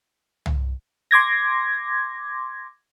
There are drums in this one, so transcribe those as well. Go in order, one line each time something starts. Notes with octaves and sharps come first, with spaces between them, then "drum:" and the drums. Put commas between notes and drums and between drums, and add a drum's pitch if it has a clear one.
drum: tom C2
C6 D6 G#6 A#6